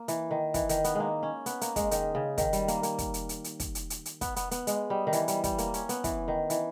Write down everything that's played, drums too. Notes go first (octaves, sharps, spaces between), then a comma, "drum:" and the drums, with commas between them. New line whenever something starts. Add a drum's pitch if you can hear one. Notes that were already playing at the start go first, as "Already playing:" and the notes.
Already playing: A#3
E3, drum: hi-hat
D#3
E3, drum: kick, hi-hat
D#3, drum: hi-hat
B3, drum: hi-hat
G#3 A#3
C#4
B3, drum: hi-hat
A#3, drum: hi-hat
G#3, drum: kick, hi-hat
D#3, drum: hi-hat
C#3
D#3, drum: kick, hi-hat
G3, drum: hi-hat
A#3, drum: hi-hat
A#3, drum: hi-hat
drum: kick, hi-hat
drum: hi-hat
drum: hi-hat
drum: hi-hat
drum: kick, hi-hat
drum: hi-hat
drum: hi-hat
drum: hi-hat
B3, drum: kick, hi-hat
B3, drum: hi-hat
B3, drum: hi-hat
G#3, drum: hi-hat
G3
D#3
E3, drum: hi-hat
G3, drum: hi-hat
G3, drum: kick, hi-hat
A#3, drum: hi-hat
C#4, drum: hi-hat
B3, drum: hi-hat
E3, drum: kick, hi-hat
D#3
E3, drum: hi-hat